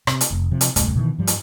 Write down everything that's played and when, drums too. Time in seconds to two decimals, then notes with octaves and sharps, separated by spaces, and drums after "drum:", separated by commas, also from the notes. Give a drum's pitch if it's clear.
0.07 C3, drum: rim click
0.21 drum: hi-hat
0.31 F1
0.51 C3 F3
0.61 drum: hi-hat
0.76 E1 C#2 G2 A3, drum: hi-hat
0.95 B2 D#3 E3
1.18 G2 F3 G3
1.27 drum: hi-hat